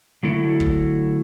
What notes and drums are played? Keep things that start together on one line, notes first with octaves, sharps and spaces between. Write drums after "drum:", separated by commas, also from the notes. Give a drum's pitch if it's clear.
D3 F#3 A3 E4 A4
drum: kick